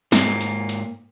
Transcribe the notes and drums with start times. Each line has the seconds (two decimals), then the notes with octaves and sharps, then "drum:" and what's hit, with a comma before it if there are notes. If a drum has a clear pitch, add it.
0.12 G#2 A#3, drum: snare
0.41 drum: hi-hat
0.69 drum: hi-hat